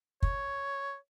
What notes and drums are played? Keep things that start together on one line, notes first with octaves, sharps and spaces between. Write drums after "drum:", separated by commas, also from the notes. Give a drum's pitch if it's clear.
C#5, drum: kick